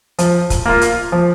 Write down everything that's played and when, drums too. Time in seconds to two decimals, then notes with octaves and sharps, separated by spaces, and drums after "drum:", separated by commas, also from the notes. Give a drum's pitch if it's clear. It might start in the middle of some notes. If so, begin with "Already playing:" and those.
0.19 F3, drum: hi-hat
0.50 drum: kick C#1, hi-hat
0.66 A#3 F4
0.81 drum: hi-hat
1.12 F3